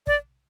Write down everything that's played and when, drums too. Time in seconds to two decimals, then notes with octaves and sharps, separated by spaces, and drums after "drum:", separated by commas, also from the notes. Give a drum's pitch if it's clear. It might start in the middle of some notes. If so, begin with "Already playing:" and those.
0.07 D5, drum: kick